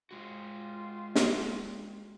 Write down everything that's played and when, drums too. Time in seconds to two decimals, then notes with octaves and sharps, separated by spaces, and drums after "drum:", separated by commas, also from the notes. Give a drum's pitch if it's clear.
0.11 G#3 F4 F#4 C6
1.15 drum: snare